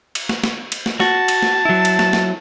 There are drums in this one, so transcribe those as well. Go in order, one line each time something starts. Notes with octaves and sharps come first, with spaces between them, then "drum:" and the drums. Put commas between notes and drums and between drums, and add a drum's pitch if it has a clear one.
drum: cymbal
drum: snare
drum: snare
drum: cymbal
drum: snare
F#4 A5, drum: snare
drum: cymbal
drum: snare
F#3 E4
drum: cymbal
drum: snare
drum: snare